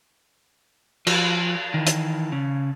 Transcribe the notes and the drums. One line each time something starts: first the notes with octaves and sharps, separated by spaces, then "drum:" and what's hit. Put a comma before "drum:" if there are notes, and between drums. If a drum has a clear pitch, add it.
F3, drum: cymbal
D#3 E3
drum: hi-hat
C#3